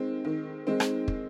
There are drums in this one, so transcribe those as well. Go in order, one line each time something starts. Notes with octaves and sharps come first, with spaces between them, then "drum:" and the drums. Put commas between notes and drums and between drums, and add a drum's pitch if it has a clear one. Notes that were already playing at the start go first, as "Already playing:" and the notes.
Already playing: D#3 G#3 C4
D#3
G#3 C4
drum: rim click
drum: kick